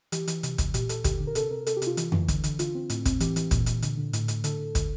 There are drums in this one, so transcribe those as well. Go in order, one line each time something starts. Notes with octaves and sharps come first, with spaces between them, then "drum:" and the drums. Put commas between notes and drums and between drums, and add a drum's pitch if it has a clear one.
E3 G4, drum: hi-hat
E3, drum: hi-hat
C3, drum: hi-hat
C3, drum: kick, hi-hat
A#2 G4, drum: hi-hat
A#2 A4, drum: hi-hat
D3 G4, drum: kick, hi-hat
D3
A#4
C3 A4, drum: hi-hat
C3 A#4
C3 A4, drum: hi-hat
G4
C3, drum: hi-hat
F4
E3, drum: hi-hat
E3, drum: tom F2
D3, drum: kick, hi-hat
D3, drum: hi-hat
D3 F4, drum: hi-hat
C4
A2, drum: hi-hat
C4, drum: kick, hi-hat
E3 G4, drum: hi-hat
E3, drum: hi-hat
A#2, drum: kick, hi-hat
A#2, drum: hi-hat
D3, drum: hi-hat
D3
A2, drum: hi-hat
A2, drum: hi-hat
D3 A4, drum: hi-hat
D3
D3, drum: kick, hi-hat